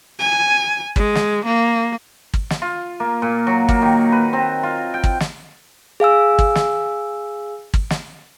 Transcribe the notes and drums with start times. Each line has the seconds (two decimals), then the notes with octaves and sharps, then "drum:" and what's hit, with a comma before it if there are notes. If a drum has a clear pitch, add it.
0.19 G#5
0.96 G#3, drum: kick G#1
1.15 drum: snare
1.45 A#3
2.34 drum: kick G#1
2.50 drum: snare
2.62 F4
3.00 A#3
3.22 A#2
3.47 F#3
3.69 A#3, drum: kick G#1
3.82 D#3
4.12 B4
4.33 C4
4.63 F4
4.94 G5
5.04 drum: kick G#1
5.20 drum: snare
6.00 G#4 F5 G#5 E6
6.39 drum: kick G#1
6.55 drum: snare
7.74 drum: kick G#1
7.90 drum: snare